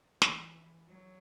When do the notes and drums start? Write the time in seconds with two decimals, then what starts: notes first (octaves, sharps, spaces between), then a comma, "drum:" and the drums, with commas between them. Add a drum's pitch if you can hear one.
0.22 E3, drum: snare
0.88 F#3